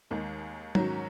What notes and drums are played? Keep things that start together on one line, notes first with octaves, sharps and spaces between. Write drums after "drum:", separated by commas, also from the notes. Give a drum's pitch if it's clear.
D#2 D#3 G#3
G#2 D#3 F#3 C#4, drum: tom